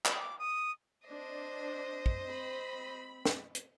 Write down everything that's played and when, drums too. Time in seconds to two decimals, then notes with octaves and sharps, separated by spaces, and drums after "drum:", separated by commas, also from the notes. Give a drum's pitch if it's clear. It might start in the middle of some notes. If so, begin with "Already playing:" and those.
0.06 drum: clap
0.19 D6
0.39 D#6
1.08 C4 D4 C5 D#5
2.06 drum: kick
2.25 C4 B5
3.25 drum: snare
3.55 drum: hi-hat